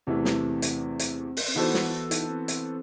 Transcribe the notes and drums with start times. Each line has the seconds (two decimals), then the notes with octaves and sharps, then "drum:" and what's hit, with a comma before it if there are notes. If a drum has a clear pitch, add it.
0.07 E2 C3 E3 A3 C4
0.25 drum: snare
0.62 drum: hi-hat
0.99 drum: hi-hat
1.37 drum: open hi-hat
1.48 C4
1.55 E3 B3 D#4 F#4 A4 C5
1.74 E4, drum: snare
1.93 E4
2.11 D#4, drum: hi-hat
2.30 C4
2.48 drum: hi-hat